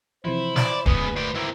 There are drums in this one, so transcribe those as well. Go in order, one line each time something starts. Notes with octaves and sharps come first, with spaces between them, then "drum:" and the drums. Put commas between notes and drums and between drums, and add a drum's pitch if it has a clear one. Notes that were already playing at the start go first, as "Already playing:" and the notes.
C3 E3 F3 E4 C5
D5, drum: snare
D2 C#3 G#3 B3 B4, drum: kick
A2 C5 D5
G#2 C4 E4 A#4